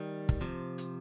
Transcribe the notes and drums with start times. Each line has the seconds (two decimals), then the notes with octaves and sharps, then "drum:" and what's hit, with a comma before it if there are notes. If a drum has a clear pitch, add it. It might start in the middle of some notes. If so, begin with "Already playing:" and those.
Already playing: D#3 G3
0.29 drum: kick
0.41 C3 F3
0.78 drum: hi-hat